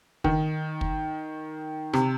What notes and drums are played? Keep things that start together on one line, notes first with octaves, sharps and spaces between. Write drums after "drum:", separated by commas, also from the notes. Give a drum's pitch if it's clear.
D#3, drum: kick
drum: kick
C3, drum: rim click